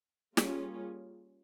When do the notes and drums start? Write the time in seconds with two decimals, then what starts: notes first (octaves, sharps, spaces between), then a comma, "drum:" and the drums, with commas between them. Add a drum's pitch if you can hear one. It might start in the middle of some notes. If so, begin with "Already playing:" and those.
0.37 G3 A#3 C#4 F4 G#4, drum: snare